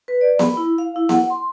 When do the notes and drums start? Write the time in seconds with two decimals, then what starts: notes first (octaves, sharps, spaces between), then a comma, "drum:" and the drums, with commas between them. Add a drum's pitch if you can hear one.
0.08 B4
0.21 D5
0.39 B5, drum: snare B3
0.57 E4
0.78 F5
0.96 E4
1.09 F#5, drum: snare B3
1.30 C6